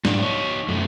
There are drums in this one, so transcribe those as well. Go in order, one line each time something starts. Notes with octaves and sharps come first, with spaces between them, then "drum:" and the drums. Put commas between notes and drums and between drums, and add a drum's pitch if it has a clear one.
G#2 D4, drum: snare
D#4 C#5
F#2 A3